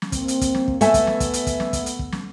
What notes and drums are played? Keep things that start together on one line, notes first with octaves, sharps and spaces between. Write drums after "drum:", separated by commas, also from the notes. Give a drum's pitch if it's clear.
drum: snare
A#3 C4, drum: kick, hi-hat
drum: hi-hat
drum: kick, hi-hat
drum: snare
drum: kick
A3 B3 A4 E5 G#5, drum: hi-hat
drum: kick, hi-hat
drum: snare
drum: kick, hi-hat
drum: hi-hat
drum: kick, hi-hat
drum: snare
drum: kick, hi-hat
drum: hi-hat
drum: kick
drum: snare